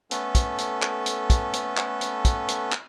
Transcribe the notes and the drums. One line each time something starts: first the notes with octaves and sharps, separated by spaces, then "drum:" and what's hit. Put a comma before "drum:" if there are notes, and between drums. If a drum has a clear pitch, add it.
A3 B3 C#4 A4 B4, drum: hi-hat
drum: kick, hi-hat
drum: hi-hat
drum: clap
drum: hi-hat
drum: kick, hi-hat
drum: hi-hat
drum: clap
drum: hi-hat
drum: kick, hi-hat
drum: hi-hat
drum: clap